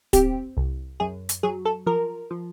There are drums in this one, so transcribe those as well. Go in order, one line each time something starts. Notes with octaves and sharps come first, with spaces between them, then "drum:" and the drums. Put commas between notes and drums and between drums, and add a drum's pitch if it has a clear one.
C4 G4, drum: kick, hi-hat
C2
F#2 G#4
drum: hi-hat
F#3 G#4
A4
F3 A#4
F3